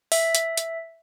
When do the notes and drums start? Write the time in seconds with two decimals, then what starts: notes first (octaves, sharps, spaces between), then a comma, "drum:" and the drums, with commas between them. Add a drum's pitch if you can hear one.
0.12 E5, drum: open hi-hat
0.35 drum: hi-hat
0.57 drum: hi-hat